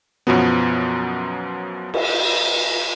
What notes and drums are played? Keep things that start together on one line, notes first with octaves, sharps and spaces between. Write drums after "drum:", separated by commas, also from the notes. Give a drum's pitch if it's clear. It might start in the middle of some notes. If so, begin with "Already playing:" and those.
F#2 B2 F3 F#3 B3
drum: cymbal